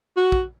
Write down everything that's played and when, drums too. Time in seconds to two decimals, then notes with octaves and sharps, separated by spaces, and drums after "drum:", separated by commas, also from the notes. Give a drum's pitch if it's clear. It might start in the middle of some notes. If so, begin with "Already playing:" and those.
0.17 F#4
0.32 drum: kick